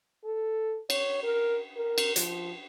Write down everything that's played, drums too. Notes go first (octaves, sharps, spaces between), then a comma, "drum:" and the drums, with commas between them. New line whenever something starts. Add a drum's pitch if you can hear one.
A4
C#5, drum: cymbal
A#4
A#4
drum: cymbal
F3, drum: hi-hat